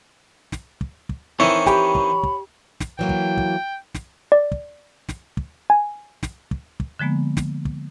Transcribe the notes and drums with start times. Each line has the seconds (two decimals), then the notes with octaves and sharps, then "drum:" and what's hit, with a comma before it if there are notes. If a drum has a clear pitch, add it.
0.52 drum: snare
0.81 drum: kick
1.09 drum: kick
1.40 D#3 E3 C4 E4 C#5
1.66 G4 B5, drum: snare
1.95 drum: kick
2.23 drum: kick
2.80 drum: snare
2.99 E3 F#3 A#3 G5
3.09 drum: kick
3.37 drum: kick
3.95 drum: snare
4.32 D5
4.52 drum: kick
5.09 drum: snare
5.37 drum: kick
5.70 G#5
6.23 drum: snare
6.51 drum: kick
6.80 drum: kick
6.99 D3 F3 G#3 A#3 B3
7.37 drum: snare
7.65 drum: kick